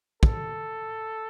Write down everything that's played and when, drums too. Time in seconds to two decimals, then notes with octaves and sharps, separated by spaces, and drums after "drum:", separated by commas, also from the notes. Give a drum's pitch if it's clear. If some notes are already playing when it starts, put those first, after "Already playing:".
0.23 A4, drum: kick